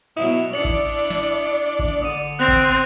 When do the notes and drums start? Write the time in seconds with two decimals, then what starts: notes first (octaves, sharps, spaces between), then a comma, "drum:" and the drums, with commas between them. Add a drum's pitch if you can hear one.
0.17 B2 F#3 E4 D#6
0.53 D4 E4 D5 C#7 F#7
0.65 drum: kick A1
1.10 drum: snare
1.79 drum: kick A1
2.02 D3 D#6 D#7
2.39 C4 F#6 A#6 F7
2.48 drum: kick A1